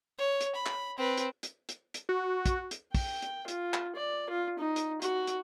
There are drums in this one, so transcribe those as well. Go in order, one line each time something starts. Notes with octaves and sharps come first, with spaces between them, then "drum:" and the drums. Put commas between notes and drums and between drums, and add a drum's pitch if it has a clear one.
C#5
drum: hi-hat
B5
drum: clap
C4 B4
drum: hi-hat
drum: hi-hat
drum: hi-hat
drum: hi-hat
F#4
drum: kick, hi-hat
drum: hi-hat
G5, drum: kick, open hi-hat
drum: hi-hat
F4, drum: hi-hat
drum: clap
D5
F4
D#4
drum: hi-hat
F#4, drum: hi-hat
drum: hi-hat